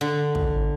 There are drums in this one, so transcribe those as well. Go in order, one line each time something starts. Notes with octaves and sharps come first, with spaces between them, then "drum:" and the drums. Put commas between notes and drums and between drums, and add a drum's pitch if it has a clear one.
D3
drum: kick